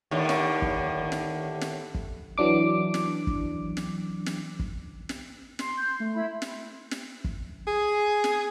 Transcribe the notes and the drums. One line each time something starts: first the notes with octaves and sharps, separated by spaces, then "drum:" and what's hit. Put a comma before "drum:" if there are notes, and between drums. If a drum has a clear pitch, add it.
D#2 A2 D3
drum: snare
drum: kick
drum: snare
drum: snare
drum: kick
E3 F#3 D4 D6
drum: snare
drum: kick
drum: snare
drum: snare
drum: kick
drum: snare
C6, drum: snare
G6
A3
E4 B5
drum: snare
drum: snare
drum: kick
G#4
drum: snare